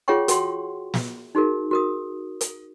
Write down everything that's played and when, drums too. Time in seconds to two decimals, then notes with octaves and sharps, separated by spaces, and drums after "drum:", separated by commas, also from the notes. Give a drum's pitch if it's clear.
0.08 F4 G#4 C#5 F#5 G5 C#6
0.28 F#4 F#5 G5 C6, drum: hi-hat
0.94 drum: snare
1.35 D#4 F#4 G#4 A#4
1.71 F#4 A#4 D#6
2.41 drum: hi-hat